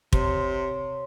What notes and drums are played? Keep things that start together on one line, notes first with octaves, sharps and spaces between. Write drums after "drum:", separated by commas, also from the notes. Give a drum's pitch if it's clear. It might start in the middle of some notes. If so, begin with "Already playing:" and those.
C3 C#5 C6, drum: kick